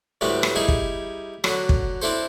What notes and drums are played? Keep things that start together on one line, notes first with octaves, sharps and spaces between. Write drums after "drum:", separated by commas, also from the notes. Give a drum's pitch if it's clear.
D2 A2 G3 B3 C4 D4
drum: rim click
G3 D#4 E4 G#4
drum: kick
D3 F#3, drum: rim click
drum: kick
C4 D4 E4 A4 C5